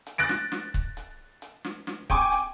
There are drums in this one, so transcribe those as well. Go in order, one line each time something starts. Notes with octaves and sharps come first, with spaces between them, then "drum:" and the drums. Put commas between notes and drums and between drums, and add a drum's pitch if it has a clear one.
drum: hi-hat
F#6 A6 A#6 D7
drum: snare
drum: snare
drum: kick C#1
drum: hi-hat
drum: hi-hat
drum: snare
drum: snare
G5 G#5 C#6 D6, drum: kick C#1
drum: hi-hat